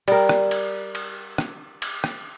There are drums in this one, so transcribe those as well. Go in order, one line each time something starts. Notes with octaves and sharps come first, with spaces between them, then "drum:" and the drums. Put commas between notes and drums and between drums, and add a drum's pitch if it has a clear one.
G3 A#4, drum: cymbal
drum: rim click
drum: cymbal
drum: cymbal
drum: rim click
drum: cymbal
drum: rim click